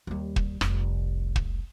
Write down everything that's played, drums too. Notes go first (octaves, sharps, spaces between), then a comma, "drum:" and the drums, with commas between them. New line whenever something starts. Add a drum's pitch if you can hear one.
D#2 G3
drum: kick
F1 C2, drum: rim click
drum: kick